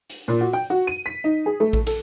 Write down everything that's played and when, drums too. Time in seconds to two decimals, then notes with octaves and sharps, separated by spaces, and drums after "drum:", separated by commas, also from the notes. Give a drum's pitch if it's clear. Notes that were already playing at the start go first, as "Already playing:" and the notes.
0.10 drum: hi-hat
0.28 A#2
0.41 F#4
0.53 G5
0.70 F#4
0.87 D#7
1.06 B6
1.24 D#4
1.46 G#4
1.60 A3
1.73 drum: kick A1
1.87 A4, drum: cymbal